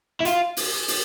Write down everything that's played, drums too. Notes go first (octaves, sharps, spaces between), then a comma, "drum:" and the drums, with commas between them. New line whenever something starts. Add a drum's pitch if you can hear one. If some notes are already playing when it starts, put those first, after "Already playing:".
E4
F4, drum: hi-hat
drum: open hi-hat
drum: open hi-hat